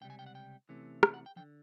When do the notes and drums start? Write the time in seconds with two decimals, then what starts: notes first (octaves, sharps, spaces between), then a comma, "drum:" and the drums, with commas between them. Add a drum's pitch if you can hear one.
0.01 C#2 C3 G3 G5
0.10 G#5
0.19 G5
0.26 F#5
0.35 G5
0.69 C3 E3 A3 C#4
1.03 drum: rim click
1.14 F#5
1.26 G5
1.36 D3 F3 G5